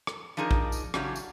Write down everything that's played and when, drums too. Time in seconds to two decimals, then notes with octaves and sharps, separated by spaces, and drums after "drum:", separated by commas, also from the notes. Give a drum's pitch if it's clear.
0.07 drum: rim click
0.37 F3 D4 D#4 G#4 A#4 D#5
0.51 drum: kick A#1
0.72 drum: tambourine
0.94 C#3 E3 F#3 C#4 D4 G4, drum: rim click
1.16 drum: tambourine